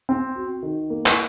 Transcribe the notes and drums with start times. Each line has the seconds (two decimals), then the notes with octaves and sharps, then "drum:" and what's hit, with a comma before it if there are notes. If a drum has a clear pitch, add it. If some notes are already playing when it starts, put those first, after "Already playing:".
0.09 C4
0.36 F#4
0.63 D#3
0.90 A#3
1.06 drum: clap